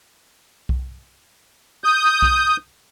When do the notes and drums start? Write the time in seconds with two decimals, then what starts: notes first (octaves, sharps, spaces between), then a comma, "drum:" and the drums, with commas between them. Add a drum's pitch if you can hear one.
0.69 drum: kick B1
1.84 D#6 G6
2.22 drum: kick B1